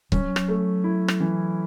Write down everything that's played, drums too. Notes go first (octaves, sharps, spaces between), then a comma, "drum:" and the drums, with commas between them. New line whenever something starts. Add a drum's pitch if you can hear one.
F#3 C#4, drum: kick C#1
drum: rim click
A3
E4
drum: rim click
E3